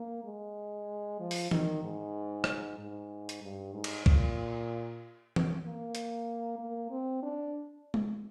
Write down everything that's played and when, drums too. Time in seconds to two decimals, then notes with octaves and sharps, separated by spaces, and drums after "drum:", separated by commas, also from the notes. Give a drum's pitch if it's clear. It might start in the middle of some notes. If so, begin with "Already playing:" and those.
Already playing: A#3
0.24 G#3
1.20 F3
1.31 drum: open hi-hat
1.51 D#3, drum: tom E3
1.83 G#2
2.44 drum: rim click
2.79 G#2
3.29 drum: hi-hat
3.42 G2
3.73 G#2
3.84 drum: cymbal
4.06 A#2, drum: kick
5.36 drum: tom E3
5.64 A#3
5.95 drum: hi-hat
6.59 A#3
6.91 C4
7.23 D4
7.94 drum: tom G#3